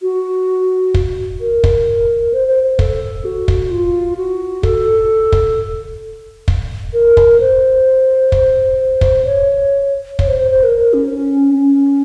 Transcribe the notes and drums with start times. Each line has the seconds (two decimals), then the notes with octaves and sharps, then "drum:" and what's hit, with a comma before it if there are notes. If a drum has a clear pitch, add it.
0.02 F#4
0.94 drum: kick
1.41 A#4
1.64 drum: kick
2.33 C5
2.48 C5
2.63 C5
2.79 A4, drum: kick
3.25 F#4
3.48 drum: kick
3.71 F4
4.17 F#4
4.63 A4, drum: kick
5.32 drum: kick
6.48 drum: kick
6.93 A#4
7.17 drum: kick
7.40 C5
8.32 drum: kick
9.01 drum: kick
9.25 C#5
10.19 C#5, drum: kick
10.27 C5
10.39 C5
10.51 C5
10.63 A#4
10.78 A#4
10.94 C#4
11.55 C#4